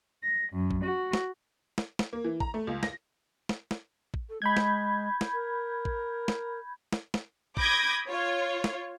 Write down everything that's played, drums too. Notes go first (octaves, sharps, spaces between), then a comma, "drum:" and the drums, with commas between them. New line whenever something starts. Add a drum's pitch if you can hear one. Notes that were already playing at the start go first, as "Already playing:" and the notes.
A#6
F#2
drum: kick A1
F#4
drum: snare
drum: snare
drum: snare
A#3
E3
A#5, drum: kick A1
A3
C#2
A#6, drum: snare
drum: snare
drum: snare
drum: kick A1
A4
G#3 B5 G6 G#6
drum: snare
drum: snare
A#4
drum: kick A1
drum: snare
drum: snare
drum: snare
B5 D6 D#6 G6 G#6 A#6, drum: kick A1
F4 C#5
drum: snare